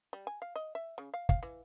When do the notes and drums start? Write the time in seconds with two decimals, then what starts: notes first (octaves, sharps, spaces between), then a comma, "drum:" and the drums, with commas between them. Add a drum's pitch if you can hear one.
0.13 G3
0.27 G#5
0.42 F5
0.56 D#5
0.75 E5
0.98 C#3
1.14 F5
1.29 F5, drum: kick
1.43 E3